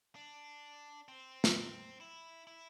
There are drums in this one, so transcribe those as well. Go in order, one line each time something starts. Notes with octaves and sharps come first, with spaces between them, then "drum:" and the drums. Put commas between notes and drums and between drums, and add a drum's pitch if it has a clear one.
D4
C4
drum: snare
C4
E4
E4